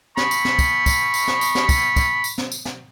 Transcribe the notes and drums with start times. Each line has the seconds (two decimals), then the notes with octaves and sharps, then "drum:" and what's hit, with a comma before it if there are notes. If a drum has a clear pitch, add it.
0.17 B5 C#6, drum: snare
0.31 drum: tambourine
0.45 drum: snare
0.59 drum: kick, tambourine
0.86 drum: kick, tambourine
1.14 drum: tambourine
1.28 drum: snare
1.41 drum: tambourine
1.55 drum: snare
1.69 drum: kick, tambourine
1.96 drum: kick, tambourine
2.24 drum: tambourine
2.38 drum: snare
2.52 drum: tambourine
2.65 drum: snare